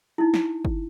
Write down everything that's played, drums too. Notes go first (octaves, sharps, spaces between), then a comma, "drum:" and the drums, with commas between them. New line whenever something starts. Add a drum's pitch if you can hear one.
D#4 E4
drum: snare
drum: kick G1